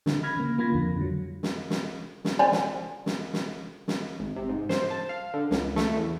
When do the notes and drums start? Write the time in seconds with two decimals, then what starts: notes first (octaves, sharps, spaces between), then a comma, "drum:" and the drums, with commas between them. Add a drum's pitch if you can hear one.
0.06 D3, drum: snare
0.23 B5 F6 G#6 A#6
0.37 C#3 A#3
0.58 A#3 F4 B5 G#6 A#6
0.72 F2 D3
0.97 D3 F#3
1.43 drum: snare
1.70 drum: snare
2.25 drum: snare
2.39 C5 D5 G#5
2.52 drum: snare
3.06 drum: snare
3.33 drum: snare
3.88 drum: snare
4.20 G#1
4.36 C3
4.49 G#2
4.69 C5, drum: snare
4.90 A5
5.09 F5
5.34 D3
5.51 C#2, drum: snare
5.76 A3, drum: snare
5.96 E2